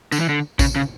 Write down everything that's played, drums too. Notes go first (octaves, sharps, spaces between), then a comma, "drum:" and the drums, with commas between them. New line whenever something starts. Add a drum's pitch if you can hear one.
D3, drum: tambourine
E3
D3
C#3, drum: kick A1, tambourine
C#3